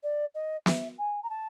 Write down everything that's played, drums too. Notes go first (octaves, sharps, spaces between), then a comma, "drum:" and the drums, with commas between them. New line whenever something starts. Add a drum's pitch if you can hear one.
D5
D#5
E5, drum: snare
G#5
A#5
A5